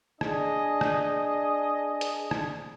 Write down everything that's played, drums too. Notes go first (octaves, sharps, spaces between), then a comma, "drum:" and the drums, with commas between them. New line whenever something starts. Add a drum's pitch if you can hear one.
D4 G#4 D#5, drum: rim click
drum: rim click
drum: hi-hat
drum: rim click